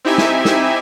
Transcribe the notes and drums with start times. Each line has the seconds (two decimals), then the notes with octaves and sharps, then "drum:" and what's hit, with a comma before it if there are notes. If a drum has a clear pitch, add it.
0.05 C4 D#4 E4 G4 E5 G#5
0.18 drum: snare
0.45 drum: snare